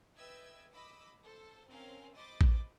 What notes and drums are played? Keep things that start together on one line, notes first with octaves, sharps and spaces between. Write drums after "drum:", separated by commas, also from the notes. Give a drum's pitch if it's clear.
B4 D#5 E5 G5 E6 G#6
D#5 B5 D6 E6
A4 C5
C4 C#4 A#4 F5 G#5
C5 D#5 B5 D6 A6
drum: kick A1